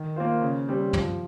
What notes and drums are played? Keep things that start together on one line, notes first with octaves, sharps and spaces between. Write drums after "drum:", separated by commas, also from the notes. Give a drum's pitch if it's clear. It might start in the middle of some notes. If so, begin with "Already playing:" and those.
Already playing: D#3
A#3 F4 C5
C#3
G3 C4
F3, drum: tom